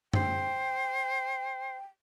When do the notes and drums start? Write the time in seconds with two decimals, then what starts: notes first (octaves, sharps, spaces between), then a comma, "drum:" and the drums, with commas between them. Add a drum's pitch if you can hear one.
0.13 C5 G5, drum: tom F#2